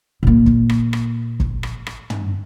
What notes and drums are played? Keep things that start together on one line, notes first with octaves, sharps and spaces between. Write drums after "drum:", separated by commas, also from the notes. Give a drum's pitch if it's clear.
A#2 A#3
drum: kick
drum: rim click
drum: rim click
drum: kick
drum: rim click
drum: rim click
drum: tom